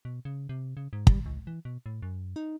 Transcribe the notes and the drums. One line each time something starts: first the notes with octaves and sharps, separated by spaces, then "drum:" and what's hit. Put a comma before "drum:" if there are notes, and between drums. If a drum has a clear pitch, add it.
B2
C#3
C3
C#3
G#2
G3, drum: kick
C#2
E3
B2
A2
F#2
D#4